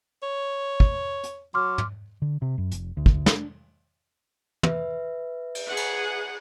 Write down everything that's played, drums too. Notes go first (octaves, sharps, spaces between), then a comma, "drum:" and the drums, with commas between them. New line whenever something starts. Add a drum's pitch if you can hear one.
C#5
drum: kick
drum: hi-hat
F#3 C6 D6 F6
drum: tom
D3
C3
F#2
F1, drum: hi-hat
D2
drum: kick
D4, drum: snare
B4 E5, drum: tom
drum: cymbal
G#4 F#5
drum: cymbal